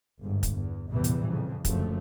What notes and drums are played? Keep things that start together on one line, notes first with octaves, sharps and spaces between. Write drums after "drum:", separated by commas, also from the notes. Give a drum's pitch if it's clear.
G1 G#2
drum: kick, hi-hat
E2
A#1 E2 A2 C3 E3 G3
drum: hi-hat
F2 C#3
F#1 F#2 D3 F3 A3, drum: kick, hi-hat